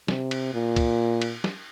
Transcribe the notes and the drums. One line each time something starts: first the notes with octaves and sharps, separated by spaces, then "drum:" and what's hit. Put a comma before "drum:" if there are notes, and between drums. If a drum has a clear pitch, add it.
C3, drum: snare
drum: cymbal
A#2
drum: kick C#2, cymbal
drum: cymbal
drum: snare